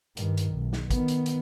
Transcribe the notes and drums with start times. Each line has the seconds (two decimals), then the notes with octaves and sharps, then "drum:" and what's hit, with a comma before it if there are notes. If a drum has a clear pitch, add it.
0.17 G2 D#3, drum: hi-hat
0.37 drum: hi-hat
0.52 B1
0.73 drum: snare
0.90 D#3 B3, drum: kick, hi-hat
1.08 drum: hi-hat
1.26 drum: hi-hat